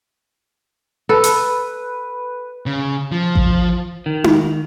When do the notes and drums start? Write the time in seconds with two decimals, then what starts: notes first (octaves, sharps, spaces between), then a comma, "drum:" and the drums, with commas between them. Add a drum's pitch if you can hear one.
1.09 A4 B4
1.24 drum: hi-hat
2.66 C#3
3.11 F3
3.35 drum: kick A1
4.06 D#3
4.24 drum: tom D#4